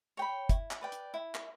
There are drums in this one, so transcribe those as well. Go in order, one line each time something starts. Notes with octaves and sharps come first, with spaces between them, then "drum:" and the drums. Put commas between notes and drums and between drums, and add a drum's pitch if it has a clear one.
C#5 G5 B5
E4, drum: kick, hi-hat
drum: clap
B4 D5 G5
drum: hi-hat
E4
drum: clap